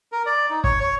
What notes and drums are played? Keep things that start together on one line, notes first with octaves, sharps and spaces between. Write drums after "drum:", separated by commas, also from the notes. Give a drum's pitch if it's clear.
A#4
D5
D#4
C#5, drum: kick
C#5